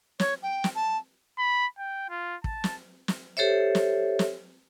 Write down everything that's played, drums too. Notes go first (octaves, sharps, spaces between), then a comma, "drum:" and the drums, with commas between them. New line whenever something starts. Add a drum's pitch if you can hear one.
C#5, drum: snare
G5
drum: snare
A5
B5
G5
F4
A5, drum: kick
drum: snare
drum: snare
G4 A4 C5 C#5 E5
drum: snare
drum: snare